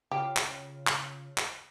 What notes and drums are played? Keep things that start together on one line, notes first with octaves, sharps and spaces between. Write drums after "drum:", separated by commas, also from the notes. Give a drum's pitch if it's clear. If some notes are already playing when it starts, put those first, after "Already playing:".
C#3 F4 G4
drum: clap
drum: clap
drum: clap